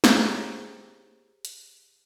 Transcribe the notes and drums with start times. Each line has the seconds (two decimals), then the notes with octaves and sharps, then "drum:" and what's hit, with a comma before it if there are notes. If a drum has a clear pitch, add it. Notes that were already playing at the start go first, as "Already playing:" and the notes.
0.04 G4 G#4 C5 C#5 G5 A#5, drum: snare
1.45 drum: hi-hat